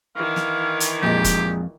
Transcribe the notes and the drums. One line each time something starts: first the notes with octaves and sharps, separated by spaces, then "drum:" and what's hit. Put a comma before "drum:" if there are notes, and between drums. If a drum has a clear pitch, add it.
D#3 E3 F5
drum: snare
drum: hi-hat
F2 A#2 G#3 G4
drum: kick E1, hi-hat